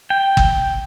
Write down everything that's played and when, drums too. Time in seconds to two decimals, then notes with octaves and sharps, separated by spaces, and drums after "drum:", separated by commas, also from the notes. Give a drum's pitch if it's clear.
0.10 G5
0.37 drum: kick